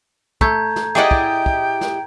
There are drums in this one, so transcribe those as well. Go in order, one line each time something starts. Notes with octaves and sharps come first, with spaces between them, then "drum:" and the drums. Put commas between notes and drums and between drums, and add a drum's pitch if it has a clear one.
A3 A#5 G6 G#6, drum: kick
drum: snare
E4 G4 G#4 D5 D#5 F#5 G5
drum: kick
drum: kick
drum: snare